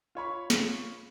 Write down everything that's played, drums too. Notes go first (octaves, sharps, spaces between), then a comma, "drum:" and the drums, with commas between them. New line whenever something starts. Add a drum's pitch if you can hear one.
F4 C#5 B5 C#6
drum: snare